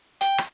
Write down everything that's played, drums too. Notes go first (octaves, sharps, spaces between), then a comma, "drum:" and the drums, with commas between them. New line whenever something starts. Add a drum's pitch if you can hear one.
G5, drum: hi-hat
drum: rim click